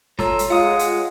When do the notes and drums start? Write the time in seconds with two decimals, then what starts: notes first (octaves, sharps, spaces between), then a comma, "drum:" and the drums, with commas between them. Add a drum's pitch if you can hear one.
0.19 F4 A4 C#5 A#5 E6, drum: snare
0.39 drum: hi-hat
0.50 G#3 F4 F#5 D#6
0.79 drum: hi-hat